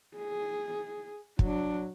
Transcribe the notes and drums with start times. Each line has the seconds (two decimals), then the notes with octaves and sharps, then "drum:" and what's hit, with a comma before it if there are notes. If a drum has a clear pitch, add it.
0.17 G#4
1.39 F#3 D4, drum: kick